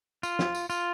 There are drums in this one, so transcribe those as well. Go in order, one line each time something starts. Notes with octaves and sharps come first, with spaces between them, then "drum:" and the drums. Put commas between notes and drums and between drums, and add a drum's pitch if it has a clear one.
F4, drum: tambourine
drum: snare
drum: tambourine
F4, drum: tambourine